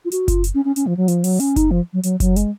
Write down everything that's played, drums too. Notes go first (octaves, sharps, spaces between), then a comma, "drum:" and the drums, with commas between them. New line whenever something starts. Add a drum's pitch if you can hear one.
F4
F#4, drum: hi-hat
F4, drum: kick F#1, hi-hat
drum: hi-hat
C#4
C#4
C#4, drum: hi-hat
F3
F#3
F3, drum: hi-hat
F#3, drum: open hi-hat
C#4, drum: hi-hat
D#4, drum: kick F#1, hi-hat
F3
F#3
F#3, drum: hi-hat
F#3, drum: kick F#1, hi-hat
G#3, drum: hi-hat